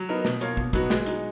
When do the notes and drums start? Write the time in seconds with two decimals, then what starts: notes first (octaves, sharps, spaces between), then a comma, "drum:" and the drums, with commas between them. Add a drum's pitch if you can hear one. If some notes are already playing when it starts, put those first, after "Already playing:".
Already playing: F#3
0.09 B3 D#4 A#4
0.25 B2, drum: snare
0.41 A#3 F4 A#4 C#5, drum: hi-hat
0.57 B2, drum: kick
0.73 F#3 B3 D#4 F#4, drum: kick, hi-hat
0.90 G#3, drum: snare
1.06 D#4 F#4, drum: hi-hat